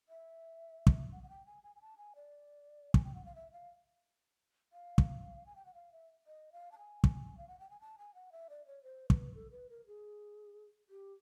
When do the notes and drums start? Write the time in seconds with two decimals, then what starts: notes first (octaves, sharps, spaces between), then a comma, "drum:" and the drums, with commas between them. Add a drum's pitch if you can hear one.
0.09 E5
0.87 drum: kick
1.12 F#5
1.23 F#5
1.29 G5
1.46 G#5
1.63 G#5
1.76 G#5
1.81 A5
1.98 G#5
2.16 D5
2.94 G#5, drum: kick
3.04 G5
3.14 F#5
3.25 F5
3.35 E5
3.53 F5
4.73 F5
4.98 drum: kick
5.46 G#5
5.56 G5
5.66 F#5
5.74 F5
5.92 E5
6.27 D#5
6.52 F5
6.72 A5
6.78 G#5
7.04 drum: kick
7.37 F5
7.48 F#5
7.59 G5
7.70 G#5
7.81 A5
7.98 G#5
8.15 F#5
8.32 E5
8.50 D5
8.67 C#5
8.83 C5
9.10 B4, drum: kick
9.35 A4
9.52 B4
9.70 A#4
9.87 G#4
10.90 G4